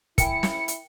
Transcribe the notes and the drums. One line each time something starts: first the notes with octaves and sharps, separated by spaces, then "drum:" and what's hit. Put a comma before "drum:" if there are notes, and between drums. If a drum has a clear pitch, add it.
E4 A#4 G5 G#5 C#7, drum: kick, hi-hat
drum: snare
drum: hi-hat